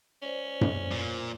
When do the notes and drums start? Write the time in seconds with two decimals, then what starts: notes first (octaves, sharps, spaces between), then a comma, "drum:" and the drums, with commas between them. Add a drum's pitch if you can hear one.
0.22 C#4 C5 D5
0.61 drum: tom F#2
0.92 A#2